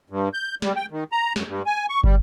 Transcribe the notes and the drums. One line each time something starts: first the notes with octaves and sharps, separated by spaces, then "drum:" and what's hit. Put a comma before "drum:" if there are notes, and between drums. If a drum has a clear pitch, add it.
G2
G6
G3, drum: snare
G5
D#3
A#5
F#2, drum: snare
G2
G#5
C#6
G3, drum: kick